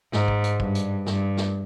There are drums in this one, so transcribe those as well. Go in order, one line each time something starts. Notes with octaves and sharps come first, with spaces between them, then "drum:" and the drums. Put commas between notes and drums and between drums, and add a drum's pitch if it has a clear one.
G#2, drum: snare
drum: kick
drum: hi-hat
G2, drum: kick
drum: hi-hat
G2, drum: snare
drum: snare